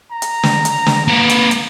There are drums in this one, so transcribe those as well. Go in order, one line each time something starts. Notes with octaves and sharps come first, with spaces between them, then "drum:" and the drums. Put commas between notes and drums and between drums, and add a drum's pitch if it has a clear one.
A#5
drum: hi-hat
drum: snare
drum: hi-hat
drum: snare
A#3 B4
drum: hi-hat
drum: hi-hat